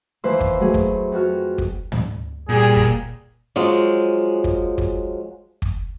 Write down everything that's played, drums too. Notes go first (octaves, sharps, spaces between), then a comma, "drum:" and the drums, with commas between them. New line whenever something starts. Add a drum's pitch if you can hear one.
D#2 E3 B4 C5 E6
drum: kick
F#3 A3 E4 G#4
drum: kick
F2 F#4 F6
drum: kick
drum: tom
A#2 G3 G#4
drum: kick
F3 F#3 G#3
drum: kick
drum: kick
drum: kick